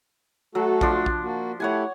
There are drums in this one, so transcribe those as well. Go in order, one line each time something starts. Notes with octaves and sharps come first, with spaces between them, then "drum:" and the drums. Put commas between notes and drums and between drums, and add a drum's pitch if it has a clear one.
F#3 A3 F#4 A4
F3 D4 C6, drum: kick A#1
drum: kick A#1
A#3 F#4
A3 E4 G4 C#5 F#5 G#5